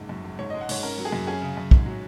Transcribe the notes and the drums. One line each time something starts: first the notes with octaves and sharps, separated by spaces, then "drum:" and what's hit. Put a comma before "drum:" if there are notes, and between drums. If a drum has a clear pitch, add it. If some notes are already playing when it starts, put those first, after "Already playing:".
Already playing: F#1 G#2
F#2
F#1
G#2 C#5
G#3 D#5
F#5
G#2 C#5, drum: open hi-hat
C#4 A#4
F#3
G#4
F#2
C#4 G#4
C#3
F#2
G#2, drum: kick
F#3